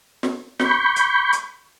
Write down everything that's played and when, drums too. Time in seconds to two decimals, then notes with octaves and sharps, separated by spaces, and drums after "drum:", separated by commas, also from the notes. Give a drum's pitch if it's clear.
0.23 drum: snare
0.60 B5 C#6 G6, drum: snare
0.96 drum: hi-hat
1.32 drum: hi-hat